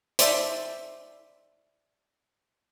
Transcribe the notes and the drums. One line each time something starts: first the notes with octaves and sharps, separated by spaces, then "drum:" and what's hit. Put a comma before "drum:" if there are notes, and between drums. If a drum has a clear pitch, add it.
C5 D5 E5, drum: hi-hat